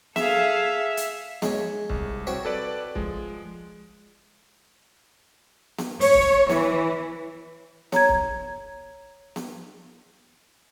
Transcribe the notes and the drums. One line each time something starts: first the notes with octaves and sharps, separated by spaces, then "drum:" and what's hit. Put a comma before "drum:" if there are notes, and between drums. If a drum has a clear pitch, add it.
G#4 A4 E5 F5, drum: snare B3
drum: hi-hat
G#3 C#5, drum: snare B3
C2, drum: kick C#1
C4 F#4 C#5
A4 B4 D5
F3 G#3, drum: kick C#1
drum: snare B3
C#5, drum: open hi-hat
drum: kick C#1
E3, drum: snare B3
C#5 A#5 G#6, drum: snare B3
drum: kick C#1
drum: snare B3